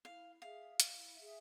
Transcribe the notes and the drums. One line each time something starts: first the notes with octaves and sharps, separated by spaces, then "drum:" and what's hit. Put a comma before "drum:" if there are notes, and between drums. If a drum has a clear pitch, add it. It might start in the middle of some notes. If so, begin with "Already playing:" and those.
E4 F5
G#4 E5 F5
E4, drum: hi-hat
G#4 E5